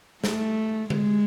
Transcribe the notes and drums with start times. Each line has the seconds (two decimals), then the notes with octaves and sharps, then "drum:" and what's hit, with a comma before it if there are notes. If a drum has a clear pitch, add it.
0.24 A3, drum: snare
0.90 G#3, drum: tom D3